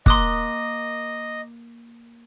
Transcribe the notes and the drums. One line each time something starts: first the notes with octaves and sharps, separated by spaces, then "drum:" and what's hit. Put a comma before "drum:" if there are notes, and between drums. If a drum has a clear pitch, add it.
A#3 D#5 A#5 C6 D6 D#6 F#6, drum: kick